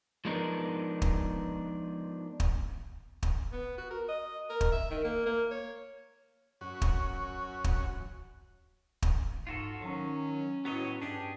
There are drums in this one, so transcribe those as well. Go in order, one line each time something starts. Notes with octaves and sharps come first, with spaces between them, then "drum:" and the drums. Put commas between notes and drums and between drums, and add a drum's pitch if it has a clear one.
F3 G#3 B3 D4 D#4 A#4
drum: kick
drum: kick
drum: kick
B3
F#4
A#4
D#5
A#4
drum: kick
E5
D#3
A#3
A#3
C#5
F#2 C#4 F#4
drum: kick
drum: kick
drum: kick
G#2 F4 F#4 A4
D#3 F#3 C#4
A2 F#3 B3 C#5 D#5
G2 D4 G4 G#4